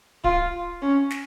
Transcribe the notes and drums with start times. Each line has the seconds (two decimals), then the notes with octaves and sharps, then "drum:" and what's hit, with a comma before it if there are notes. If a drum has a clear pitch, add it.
0.24 F4, drum: kick D1
0.82 C#4
1.10 drum: snare